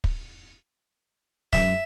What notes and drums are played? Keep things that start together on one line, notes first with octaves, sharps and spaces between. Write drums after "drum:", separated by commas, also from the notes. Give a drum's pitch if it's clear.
drum: kick
F#2 E5, drum: snare